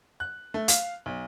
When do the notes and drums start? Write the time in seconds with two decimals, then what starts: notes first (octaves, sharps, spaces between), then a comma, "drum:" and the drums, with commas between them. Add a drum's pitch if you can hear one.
0.20 F#6
0.54 A3
0.68 F5, drum: hi-hat
1.06 B1